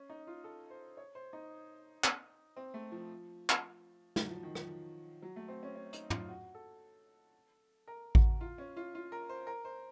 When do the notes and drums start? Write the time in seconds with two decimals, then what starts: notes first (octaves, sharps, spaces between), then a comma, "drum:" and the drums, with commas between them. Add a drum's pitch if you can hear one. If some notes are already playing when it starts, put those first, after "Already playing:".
Already playing: C#4
0.10 D#4
0.27 F4
0.44 A4
0.70 C5
0.97 C#5
1.15 C5
1.33 D#4
2.04 drum: clap
2.56 C4
2.74 A3
2.92 F3
3.49 drum: clap
4.16 F#3, drum: snare
4.29 F3
4.43 D#3
4.55 F3, drum: rim click
5.22 F#3
5.36 A3
5.48 C4
5.63 C#4
5.76 C#4
5.93 D#4, drum: hi-hat
6.10 F4, drum: tom
6.28 F#4
6.55 A4
7.88 A#4
8.15 F#4, drum: kick A1
8.41 F4
8.58 C#4
8.77 F4
8.95 F4
9.12 A#4
9.29 C5
9.47 A#4
9.65 C5